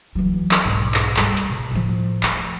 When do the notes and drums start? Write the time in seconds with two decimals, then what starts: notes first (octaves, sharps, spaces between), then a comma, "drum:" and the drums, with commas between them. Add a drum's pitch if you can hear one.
0.15 E3 F#3
0.51 drum: clap
0.64 B1 G#2
0.94 drum: clap
1.16 G3 A3, drum: clap
1.37 drum: hi-hat
1.50 B2
1.71 A2 F3
2.23 A3, drum: clap